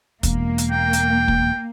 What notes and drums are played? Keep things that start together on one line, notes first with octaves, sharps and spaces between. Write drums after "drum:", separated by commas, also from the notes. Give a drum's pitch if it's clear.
E1 A#3, drum: kick, hi-hat
drum: hi-hat
G5
drum: hi-hat
drum: kick